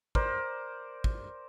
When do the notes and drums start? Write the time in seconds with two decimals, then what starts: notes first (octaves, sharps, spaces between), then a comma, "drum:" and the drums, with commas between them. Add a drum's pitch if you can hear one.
0.15 A#4 C5 D5, drum: kick
1.04 drum: kick